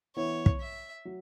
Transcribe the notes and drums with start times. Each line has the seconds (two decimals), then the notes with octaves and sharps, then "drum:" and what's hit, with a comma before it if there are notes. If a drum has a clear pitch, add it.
0.16 E3 B3 E4 C#5
0.46 drum: kick
0.61 E5
1.05 F#3